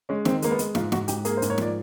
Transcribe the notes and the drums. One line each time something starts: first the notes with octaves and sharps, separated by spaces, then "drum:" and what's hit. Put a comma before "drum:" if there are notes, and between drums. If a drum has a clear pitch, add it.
G#3 C#4
D#3 C4, drum: snare
G#3 A#3, drum: hi-hat
B3
G#3, drum: hi-hat
G#2 F4, drum: snare
G#2 F#4, drum: snare
G#2 G4, drum: hi-hat
A#3 G#4, drum: hi-hat
C5
G#2, drum: hi-hat
C#5
F3 D5, drum: snare